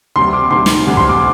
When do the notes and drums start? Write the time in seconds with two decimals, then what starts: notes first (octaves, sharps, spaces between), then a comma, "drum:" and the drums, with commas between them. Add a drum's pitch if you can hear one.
0.16 D2 C3 G3 C6
0.33 D6
0.51 D2 C3 G3 C6
0.66 drum: snare
0.86 D2 C3 G3
0.97 C6, drum: kick
1.09 D6